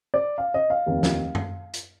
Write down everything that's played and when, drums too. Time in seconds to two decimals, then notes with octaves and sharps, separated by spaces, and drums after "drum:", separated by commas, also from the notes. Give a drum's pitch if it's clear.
0.14 D5
0.38 F5
0.54 D#5
0.70 F5
0.86 F1 D#2 D#3
1.03 drum: snare
1.35 drum: tom F#2
1.74 drum: hi-hat